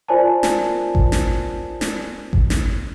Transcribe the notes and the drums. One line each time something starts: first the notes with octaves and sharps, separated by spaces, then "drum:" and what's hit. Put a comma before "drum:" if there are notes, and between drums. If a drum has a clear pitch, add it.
F4 A#4 C5 D5 G#5 A5
drum: snare
drum: kick G#1
drum: snare
drum: snare
drum: kick G#1
drum: snare